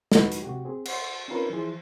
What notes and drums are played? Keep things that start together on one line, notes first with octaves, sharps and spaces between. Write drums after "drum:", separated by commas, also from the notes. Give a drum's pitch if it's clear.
D#4 F#4 B4, drum: snare
drum: hi-hat
C3 F#4 G4
C4 G#4
C5 F#5, drum: cymbal
C4 C#4 D#4 F4 A#4 B4
E3 F3 E4 G#4 C5